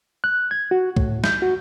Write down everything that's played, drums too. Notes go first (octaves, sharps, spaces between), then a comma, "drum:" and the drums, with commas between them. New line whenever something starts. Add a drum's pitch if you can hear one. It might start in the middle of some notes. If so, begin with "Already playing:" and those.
F#6
G#6
F#4
A2, drum: kick C2
G6, drum: snare
F#4